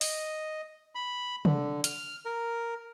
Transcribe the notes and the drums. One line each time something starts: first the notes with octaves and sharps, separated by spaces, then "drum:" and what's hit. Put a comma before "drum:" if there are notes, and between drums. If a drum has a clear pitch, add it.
D#5, drum: open hi-hat
B5
D3, drum: tom
F6, drum: hi-hat
A#4